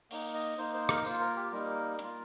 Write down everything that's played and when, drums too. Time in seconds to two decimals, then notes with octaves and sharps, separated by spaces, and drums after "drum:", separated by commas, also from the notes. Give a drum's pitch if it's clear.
0.11 A#3 D#4, drum: open hi-hat
0.34 D#5
0.58 A#3 D#4 C5
0.74 C5
0.89 A#4, drum: rim click
1.05 A#3 F4 C5, drum: tambourine
1.20 A#4
1.36 G4
1.52 G3 A#3 D#4 A#4
1.99 A#3 F4, drum: hi-hat